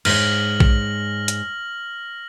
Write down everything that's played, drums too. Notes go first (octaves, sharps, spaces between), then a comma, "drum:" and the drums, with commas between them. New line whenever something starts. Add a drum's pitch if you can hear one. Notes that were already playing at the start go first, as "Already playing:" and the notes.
G#2 G#4 C#5 F6 A#6 F#7, drum: cymbal
drum: kick
drum: hi-hat